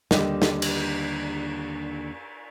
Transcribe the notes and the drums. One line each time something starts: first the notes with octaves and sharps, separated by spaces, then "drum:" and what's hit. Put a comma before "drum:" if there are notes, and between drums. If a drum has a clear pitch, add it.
D#2 D3 G3 D#5, drum: snare
drum: snare
drum: cymbal